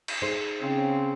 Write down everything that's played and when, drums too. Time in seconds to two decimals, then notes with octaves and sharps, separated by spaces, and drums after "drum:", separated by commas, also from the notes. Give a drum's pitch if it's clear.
0.08 drum: cymbal
0.22 D#4 G#4 C5
0.62 C#3 C4